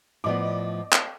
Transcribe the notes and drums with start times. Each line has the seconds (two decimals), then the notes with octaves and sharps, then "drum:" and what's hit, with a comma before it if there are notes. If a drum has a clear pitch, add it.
0.24 A2 F3 B3 D5 D#5 D6
0.92 drum: clap